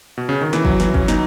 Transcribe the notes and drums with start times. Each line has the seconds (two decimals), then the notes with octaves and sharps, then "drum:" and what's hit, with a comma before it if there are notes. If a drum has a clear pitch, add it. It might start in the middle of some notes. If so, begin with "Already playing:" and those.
0.17 B2
0.29 C#3
0.41 D#3
0.53 E3, drum: snare
0.65 F#3, drum: kick
0.80 E3, drum: snare
0.94 C#4, drum: kick
1.08 D#4, drum: snare